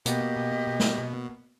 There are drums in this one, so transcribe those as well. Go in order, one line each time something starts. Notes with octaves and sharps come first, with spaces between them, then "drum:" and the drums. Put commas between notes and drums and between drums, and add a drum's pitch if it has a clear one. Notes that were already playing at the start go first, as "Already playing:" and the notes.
B2 A#3 B3 G4 D#5, drum: hi-hat
drum: snare